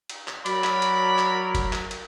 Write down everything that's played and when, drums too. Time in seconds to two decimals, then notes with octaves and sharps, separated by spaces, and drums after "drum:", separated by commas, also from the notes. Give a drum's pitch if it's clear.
0.10 drum: cymbal
0.28 drum: clap
0.46 F#3 A#4 D5 B5, drum: cymbal
0.64 drum: clap
0.82 drum: cymbal
1.18 drum: clap
1.55 drum: kick, cymbal
1.73 drum: clap
1.91 drum: cymbal